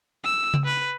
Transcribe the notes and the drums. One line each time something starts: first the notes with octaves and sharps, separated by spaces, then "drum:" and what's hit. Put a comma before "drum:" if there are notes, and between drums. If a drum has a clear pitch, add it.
E6
drum: tom C#3
B4